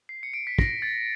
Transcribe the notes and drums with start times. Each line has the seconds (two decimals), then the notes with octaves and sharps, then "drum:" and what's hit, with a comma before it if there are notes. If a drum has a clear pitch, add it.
0.09 C7
0.23 C#7
0.34 D7
0.47 B6
0.59 A#6, drum: kick
0.82 A6